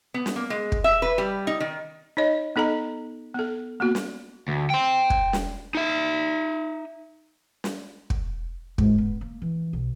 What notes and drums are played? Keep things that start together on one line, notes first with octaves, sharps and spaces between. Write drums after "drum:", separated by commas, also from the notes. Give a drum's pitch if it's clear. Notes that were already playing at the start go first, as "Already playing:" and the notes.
B3
drum: snare
A#3
G#3
drum: kick
E5
B4
G3
D#4
D#3
D#4 C#5 D#5
B3 D#4 A4 D#5 A#5
B3 A4
A#3 B3 F#4
drum: snare
D2
G5 C6
drum: kick
drum: snare
D#4 E5
drum: snare
drum: kick
G#2, drum: kick
B3
A#3
E3
B1